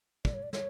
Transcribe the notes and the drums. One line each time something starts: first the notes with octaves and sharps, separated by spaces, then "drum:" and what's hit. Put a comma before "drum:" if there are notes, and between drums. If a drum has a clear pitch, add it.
D5, drum: kick
C#5
D5
C#5, drum: snare